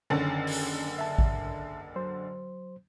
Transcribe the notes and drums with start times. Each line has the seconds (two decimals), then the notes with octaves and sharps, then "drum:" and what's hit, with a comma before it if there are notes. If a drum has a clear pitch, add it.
0.10 F#1 D3 D#3 C#4
0.47 drum: open hi-hat
0.98 E5 A5
1.18 drum: kick A1
1.96 F#3 C5